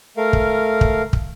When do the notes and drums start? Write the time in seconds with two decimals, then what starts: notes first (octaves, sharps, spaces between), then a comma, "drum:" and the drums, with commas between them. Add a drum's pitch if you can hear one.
0.17 A3 A#4 F5
0.33 drum: kick
0.81 drum: kick
1.13 drum: kick